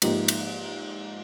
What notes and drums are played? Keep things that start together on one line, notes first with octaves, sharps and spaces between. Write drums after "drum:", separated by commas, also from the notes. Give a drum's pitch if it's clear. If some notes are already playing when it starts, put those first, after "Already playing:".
G#2 F3 A#3 D#4 G4, drum: cymbal
drum: cymbal